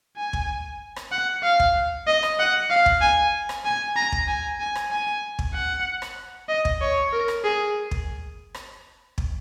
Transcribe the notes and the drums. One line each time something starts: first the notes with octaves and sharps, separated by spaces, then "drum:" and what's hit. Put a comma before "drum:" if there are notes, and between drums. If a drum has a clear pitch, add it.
G#5
drum: kick
drum: rim click
F#5
F5
drum: kick
D#5
drum: rim click
F#5
F5
drum: kick
G#5
drum: rim click
G#5
A#5
drum: kick
G#5
G#5
drum: rim click
G#5
drum: kick
F#5
drum: rim click
D#5
drum: kick
C#5
A#4
drum: rim click
G#4
drum: kick
drum: rim click
drum: kick